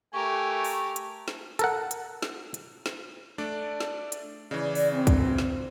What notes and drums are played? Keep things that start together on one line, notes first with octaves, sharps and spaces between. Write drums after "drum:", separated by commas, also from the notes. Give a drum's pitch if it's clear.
A3 G4 A#4 G#5 C#6
drum: open hi-hat
drum: hi-hat
drum: snare
A4 A#4 F#5, drum: hi-hat
drum: hi-hat
drum: snare
drum: hi-hat
drum: snare
A3 D4 D5
drum: snare
drum: hi-hat
C#3 E3 D5
drum: open hi-hat
C4
drum: kick, hi-hat
drum: snare